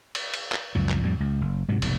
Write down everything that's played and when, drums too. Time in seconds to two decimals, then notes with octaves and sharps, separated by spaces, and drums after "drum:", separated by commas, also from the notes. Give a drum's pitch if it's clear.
0.15 drum: cymbal
0.34 drum: cymbal
0.52 drum: clap
0.75 C#2 F#2 F3
0.89 drum: clap
1.01 F2 A2 G3
1.20 C#2
1.41 F#1
1.68 G#2 C3 F#3
1.82 F1 B1 G#2, drum: cymbal